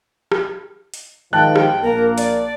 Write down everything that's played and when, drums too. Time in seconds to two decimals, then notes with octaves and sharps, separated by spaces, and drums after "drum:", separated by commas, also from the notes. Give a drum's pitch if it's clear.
0.32 drum: rim click
0.94 drum: hi-hat
1.33 G#2 D#3 F3 G5 A5 F#6
1.56 drum: rim click
1.82 A#1 A#3 A#4
2.18 D5, drum: hi-hat